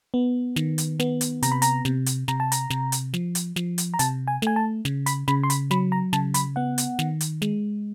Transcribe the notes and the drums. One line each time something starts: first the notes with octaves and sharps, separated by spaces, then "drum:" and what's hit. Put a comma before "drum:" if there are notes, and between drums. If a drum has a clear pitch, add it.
B3
D#3, drum: snare
drum: hi-hat
B3, drum: snare
drum: hi-hat
C3 A#5, drum: hi-hat
B5
A#5, drum: hi-hat
C3, drum: snare
drum: hi-hat
C3 A#5, drum: snare
A5
A#5, drum: hi-hat
C3, drum: snare
drum: hi-hat
F3, drum: snare
drum: hi-hat
F3, drum: snare
drum: hi-hat
A#5
C3 A5, drum: hi-hat
G#5
A3 G#5, drum: snare
A5
C#3, drum: snare
B5, drum: hi-hat
C#3 B5, drum: snare
C6
B5, drum: hi-hat
F#3 B5, drum: snare
A#5
C#3 A5, drum: snare
B5, drum: hi-hat
B3 F#5
drum: hi-hat
D#3, drum: snare
drum: hi-hat
G#3, drum: snare